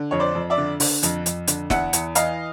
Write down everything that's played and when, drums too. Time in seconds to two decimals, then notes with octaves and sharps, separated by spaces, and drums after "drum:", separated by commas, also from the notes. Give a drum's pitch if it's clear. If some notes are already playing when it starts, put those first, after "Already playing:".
Already playing: D3
0.11 F2 C#5
0.20 C5 D5
0.35 F2
0.50 D5 E5
0.58 D3
0.80 D3, drum: open hi-hat
1.03 F2, drum: hi-hat
1.26 F2, drum: hi-hat
1.48 D3, drum: hi-hat
1.70 E2 E5 F#5, drum: snare
1.93 E2, drum: hi-hat
2.15 E3 D#5 F5, drum: hi-hat